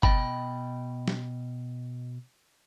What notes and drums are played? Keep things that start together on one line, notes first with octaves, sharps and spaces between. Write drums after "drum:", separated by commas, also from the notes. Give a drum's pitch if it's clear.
B2 D#5 G5 B5, drum: kick F#1
drum: snare